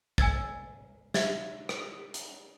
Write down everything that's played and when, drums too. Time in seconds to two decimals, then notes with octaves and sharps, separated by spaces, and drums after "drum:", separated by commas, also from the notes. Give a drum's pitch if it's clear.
0.18 G#5 E6 G#6 A6, drum: kick
1.14 E5 G#6 A6, drum: snare
1.69 drum: rim click
2.14 drum: hi-hat